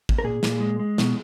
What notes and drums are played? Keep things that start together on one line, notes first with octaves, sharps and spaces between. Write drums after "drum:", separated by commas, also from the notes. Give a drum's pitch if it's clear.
drum: kick
A#4
A#2 G#4
A#2, drum: snare
G#3
G#3
B2, drum: snare